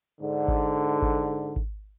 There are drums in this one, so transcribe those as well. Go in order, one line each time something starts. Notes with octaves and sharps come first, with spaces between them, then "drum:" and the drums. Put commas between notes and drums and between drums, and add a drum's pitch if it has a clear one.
G#2 D3
drum: kick G#1
drum: kick G#1
drum: kick G#1